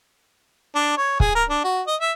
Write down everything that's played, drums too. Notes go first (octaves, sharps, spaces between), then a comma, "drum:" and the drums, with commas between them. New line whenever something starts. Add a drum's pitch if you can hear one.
D4
C#5
G#4, drum: kick
A#4
D4
F#4
D#5
E5